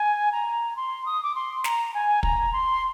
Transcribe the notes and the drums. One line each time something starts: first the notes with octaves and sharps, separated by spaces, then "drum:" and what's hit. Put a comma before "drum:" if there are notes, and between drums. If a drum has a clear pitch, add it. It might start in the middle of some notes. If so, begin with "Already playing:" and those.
Already playing: G#5
A#5
C6
D#6
D6
C6
A#5, drum: snare
G#5
A#5, drum: kick
C6